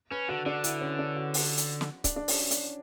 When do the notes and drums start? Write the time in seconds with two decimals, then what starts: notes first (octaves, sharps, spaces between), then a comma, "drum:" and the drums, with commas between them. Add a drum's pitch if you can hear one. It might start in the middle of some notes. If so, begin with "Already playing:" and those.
0.11 C#4 B4
0.29 D3 F#4
0.46 D3 D4
0.64 E4, drum: hi-hat
0.81 C#4
0.99 D4
1.16 F#4
1.34 drum: open hi-hat
1.57 drum: hi-hat
1.81 drum: snare
2.04 D4, drum: kick C#1, hi-hat
2.16 D4
2.28 C#4, drum: open hi-hat
2.51 D4, drum: hi-hat